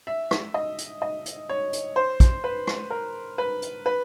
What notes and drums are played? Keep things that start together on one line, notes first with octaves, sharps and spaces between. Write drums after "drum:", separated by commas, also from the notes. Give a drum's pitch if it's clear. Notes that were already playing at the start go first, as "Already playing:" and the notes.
E5
drum: rim click
D#5
drum: hi-hat
D#5
drum: hi-hat
C#5
drum: hi-hat
C5
drum: kick, hi-hat
B4
drum: rim click
A#4
B4
drum: hi-hat
B4